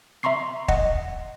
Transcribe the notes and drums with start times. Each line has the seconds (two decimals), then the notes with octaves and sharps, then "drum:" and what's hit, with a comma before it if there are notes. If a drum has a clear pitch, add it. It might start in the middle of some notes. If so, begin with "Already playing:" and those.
0.23 E5 A#5 C6 C#6 C7
0.68 D#5 F#5, drum: kick